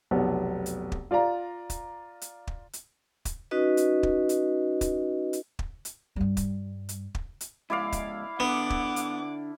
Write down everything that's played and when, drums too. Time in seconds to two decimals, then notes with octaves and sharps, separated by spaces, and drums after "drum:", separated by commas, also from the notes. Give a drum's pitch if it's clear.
0.11 F1 B1 B3
0.66 drum: hi-hat
0.92 drum: kick
1.11 F4 D5 F5 A#5
1.70 drum: kick, hi-hat
2.21 drum: hi-hat
2.47 drum: kick
2.73 drum: hi-hat
3.25 drum: kick, hi-hat
3.51 C#4 D#4 F#4 B4 D#5
3.77 drum: hi-hat
4.03 drum: kick
4.29 drum: hi-hat
4.81 drum: kick, hi-hat
5.33 drum: hi-hat
5.59 drum: kick
5.85 drum: hi-hat
6.16 G2 G3
6.37 drum: kick, hi-hat
6.89 drum: hi-hat
7.15 drum: kick
7.41 drum: hi-hat
7.70 C#2 G#2 E4 D5 F5
7.92 drum: kick, hi-hat
8.40 D3 B3 F#5 D6
8.70 drum: kick
8.96 drum: hi-hat